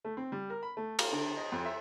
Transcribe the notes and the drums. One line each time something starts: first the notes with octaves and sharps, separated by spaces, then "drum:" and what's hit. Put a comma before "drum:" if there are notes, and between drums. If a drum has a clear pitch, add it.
A3
C4
G3
A#4
B5
A3
F5, drum: cymbal
D3
D#5
F2
E5